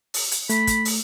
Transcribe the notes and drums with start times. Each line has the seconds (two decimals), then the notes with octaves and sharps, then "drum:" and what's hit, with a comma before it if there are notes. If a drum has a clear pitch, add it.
0.14 drum: open hi-hat
0.32 drum: hi-hat
0.49 A3 B5, drum: hi-hat
0.67 drum: kick, hi-hat
0.85 drum: open hi-hat